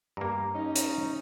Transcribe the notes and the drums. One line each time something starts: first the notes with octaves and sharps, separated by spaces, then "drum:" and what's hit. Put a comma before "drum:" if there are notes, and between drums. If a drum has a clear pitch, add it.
G2 A#3 A#5
C#4 D#4
drum: hi-hat